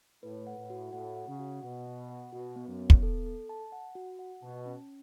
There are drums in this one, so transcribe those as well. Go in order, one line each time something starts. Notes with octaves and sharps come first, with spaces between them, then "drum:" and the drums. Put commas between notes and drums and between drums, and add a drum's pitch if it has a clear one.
A2 B4
F#5
A2
F#4
A2 F#5
F#5
C#3
F#4
B2 F#5
B3
F#5
B2 F#4
B3
F#2
B3
drum: kick
A4
A4
A5
F#5
F#4
F#5
B2 A5
C#4